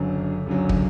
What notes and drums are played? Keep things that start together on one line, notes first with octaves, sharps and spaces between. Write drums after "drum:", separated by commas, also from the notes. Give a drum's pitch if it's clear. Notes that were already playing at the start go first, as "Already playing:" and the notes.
Already playing: F#1 F#2 D3 F#3
F#1 F#2 D3 F#3
drum: kick